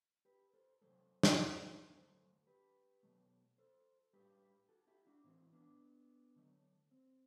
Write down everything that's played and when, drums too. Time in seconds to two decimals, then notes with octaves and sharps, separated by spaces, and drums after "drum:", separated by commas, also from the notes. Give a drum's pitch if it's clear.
0.25 G4 B4
0.54 A4 C5
0.82 C3 F#3 A3 A4 C5
1.23 drum: snare
1.91 D3 F#3 A3 A4 C5
2.47 G4 B4
3.03 B2 F#3 A3
3.58 A4 C5
4.13 A2 G3 G4 B4
4.69 F#4 A4
4.87 E4 G4
5.06 D4 F#4
5.24 A2 E3 A3 C4 E4
5.52 B3 D4
6.36 D3 F#3 A3
6.91 C4